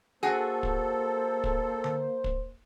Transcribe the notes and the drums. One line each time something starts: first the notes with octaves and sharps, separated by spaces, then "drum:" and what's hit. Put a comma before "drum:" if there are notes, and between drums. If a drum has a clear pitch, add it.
A#3 F#4 G#4 A4 C5
drum: kick
drum: kick
drum: tom D3
drum: kick